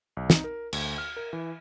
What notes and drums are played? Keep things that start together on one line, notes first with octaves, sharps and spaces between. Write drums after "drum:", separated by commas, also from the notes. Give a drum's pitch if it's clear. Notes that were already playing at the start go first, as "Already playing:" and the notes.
B1
D#4, drum: snare
A#4
D2, drum: cymbal
F6
A#4
E3